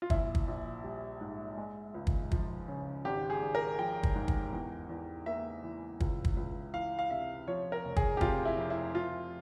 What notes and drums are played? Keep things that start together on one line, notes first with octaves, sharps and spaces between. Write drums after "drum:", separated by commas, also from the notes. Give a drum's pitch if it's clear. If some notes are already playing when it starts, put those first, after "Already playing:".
F4
A#1 E4, drum: kick
drum: kick
A#1
G3
G#2
G#3
C#2
drum: kick
F3, drum: kick
C#3
G#1 G4
G#4
G#1
A#4
F3 G5
drum: kick
G#2
drum: kick
E2
E2
A#3 E5
E3
C#2, drum: kick
drum: kick
C#2
E3 F5
F5
C3 E5
F3 C#5
A#4
F1
G#4, drum: kick
G4
C3 F4, drum: kick
E4
F2
E4
F3 F4